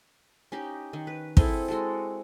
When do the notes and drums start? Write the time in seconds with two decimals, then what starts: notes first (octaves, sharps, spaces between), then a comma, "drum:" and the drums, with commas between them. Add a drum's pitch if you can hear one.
0.52 C#4 D#4 G4
0.93 D#3
1.07 B4
1.37 C4 E4 G#4 A4, drum: kick
1.68 G#3 F#4 A4